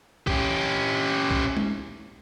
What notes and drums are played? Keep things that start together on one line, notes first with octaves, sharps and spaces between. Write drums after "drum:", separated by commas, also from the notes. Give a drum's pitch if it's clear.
C#4 G4, drum: kick B1
drum: kick B1
drum: tom G#3